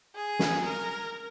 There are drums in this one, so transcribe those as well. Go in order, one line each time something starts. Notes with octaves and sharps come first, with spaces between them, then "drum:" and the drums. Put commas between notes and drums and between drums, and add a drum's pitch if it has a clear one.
G#4
drum: snare
A#4